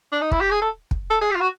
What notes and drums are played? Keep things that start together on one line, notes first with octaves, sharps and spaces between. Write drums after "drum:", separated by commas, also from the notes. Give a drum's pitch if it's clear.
D4
D#4
E4, drum: kick
G4
G#4
A4
drum: kick
A4
G#4
G4
F4
F#4